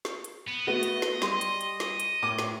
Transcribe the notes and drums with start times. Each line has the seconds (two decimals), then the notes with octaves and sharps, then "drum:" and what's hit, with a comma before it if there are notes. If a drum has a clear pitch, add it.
0.05 drum: snare
0.24 drum: hi-hat
0.48 B3
0.67 A3 B3 F#4 D#5
0.83 drum: hi-hat
1.02 drum: snare
1.22 G3 C6, drum: snare
1.41 drum: hi-hat
1.61 drum: hi-hat
1.80 drum: snare
2.00 drum: hi-hat
2.22 A2 D6 D#7
2.39 drum: snare